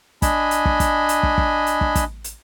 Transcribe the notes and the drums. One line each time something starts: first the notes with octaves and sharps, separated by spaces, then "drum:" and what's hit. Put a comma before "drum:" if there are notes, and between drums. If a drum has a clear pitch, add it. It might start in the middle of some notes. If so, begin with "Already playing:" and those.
D4 D#5 G#5 B5, drum: kick, hi-hat
drum: hi-hat
drum: kick
drum: kick, hi-hat
drum: hi-hat
drum: kick
drum: kick
drum: hi-hat
drum: kick
drum: kick, hi-hat
drum: hi-hat